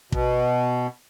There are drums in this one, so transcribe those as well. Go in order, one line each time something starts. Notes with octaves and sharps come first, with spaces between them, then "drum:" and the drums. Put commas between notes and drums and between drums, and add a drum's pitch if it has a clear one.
B2, drum: kick